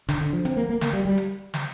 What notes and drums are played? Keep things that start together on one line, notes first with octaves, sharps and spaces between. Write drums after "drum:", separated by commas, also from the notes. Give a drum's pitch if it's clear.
D3, drum: snare
D3
F3
C4, drum: hi-hat
A#3
A#3
A#3, drum: snare
G3
G3
drum: hi-hat
drum: snare